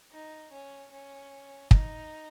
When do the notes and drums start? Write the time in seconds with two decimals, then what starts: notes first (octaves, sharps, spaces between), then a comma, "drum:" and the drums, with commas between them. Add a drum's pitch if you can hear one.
0.11 D#4
0.52 C#4
0.91 C#4
1.71 D#4, drum: kick